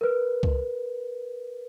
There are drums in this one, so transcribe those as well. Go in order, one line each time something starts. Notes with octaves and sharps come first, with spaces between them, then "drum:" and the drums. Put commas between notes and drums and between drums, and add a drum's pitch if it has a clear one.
A#4 B4
drum: kick C#2